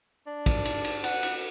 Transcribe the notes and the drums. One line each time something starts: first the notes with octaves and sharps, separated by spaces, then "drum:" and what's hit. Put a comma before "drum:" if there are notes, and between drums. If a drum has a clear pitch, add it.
D4
drum: kick, cymbal
drum: cymbal
drum: cymbal
F#5, drum: cymbal
drum: cymbal